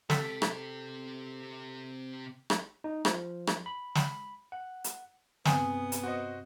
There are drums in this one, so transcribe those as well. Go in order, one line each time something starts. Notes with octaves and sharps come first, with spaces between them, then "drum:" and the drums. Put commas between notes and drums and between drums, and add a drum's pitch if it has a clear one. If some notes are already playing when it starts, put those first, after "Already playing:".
C3 G4 A4 A6 B6, drum: snare
drum: rim click
drum: rim click
D#4
F3, drum: rim click
drum: rim click
B5
B5, drum: snare
F#5
drum: hi-hat
G2 C3 B3 C4 G#4, drum: snare
drum: hi-hat
F#4 C5 D#5